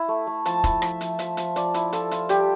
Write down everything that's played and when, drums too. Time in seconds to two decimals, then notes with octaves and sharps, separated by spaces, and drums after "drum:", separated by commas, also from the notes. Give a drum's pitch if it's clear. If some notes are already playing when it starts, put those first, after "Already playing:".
Already playing: E4
0.08 A3
0.27 A3
0.45 F3 A5, drum: hi-hat
0.64 E4, drum: kick, hi-hat
0.82 F3 E5, drum: rim click
1.01 F3, drum: hi-hat
1.19 F3 E5, drum: hi-hat
1.37 F3, drum: hi-hat
1.56 F3 D5, drum: hi-hat
1.74 E4, drum: hi-hat
1.93 F4 A4, drum: hi-hat
2.11 F4, drum: hi-hat
2.29 G3 G4, drum: hi-hat